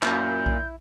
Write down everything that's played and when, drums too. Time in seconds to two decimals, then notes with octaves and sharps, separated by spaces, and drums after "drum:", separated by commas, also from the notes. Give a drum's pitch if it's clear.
0.03 F#2 A#2 E4 G6, drum: clap
0.46 drum: kick B1